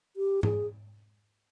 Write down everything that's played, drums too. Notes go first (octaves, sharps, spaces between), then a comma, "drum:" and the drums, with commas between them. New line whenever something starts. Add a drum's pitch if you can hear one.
G4
G#4, drum: tom G#2